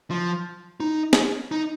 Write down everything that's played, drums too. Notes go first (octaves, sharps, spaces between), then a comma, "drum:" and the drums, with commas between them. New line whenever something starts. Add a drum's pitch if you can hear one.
F3
D#4
drum: snare
D#4